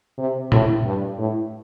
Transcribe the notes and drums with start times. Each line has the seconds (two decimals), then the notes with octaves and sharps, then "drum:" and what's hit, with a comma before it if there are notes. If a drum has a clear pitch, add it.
0.18 C3
0.52 A2, drum: tom A#2
0.85 G2
1.18 A2